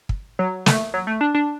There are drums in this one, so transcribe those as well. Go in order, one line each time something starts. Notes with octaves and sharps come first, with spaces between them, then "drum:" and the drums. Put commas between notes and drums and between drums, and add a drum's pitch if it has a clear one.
drum: kick
F#3
A3, drum: snare
F#3
A3
D4
D4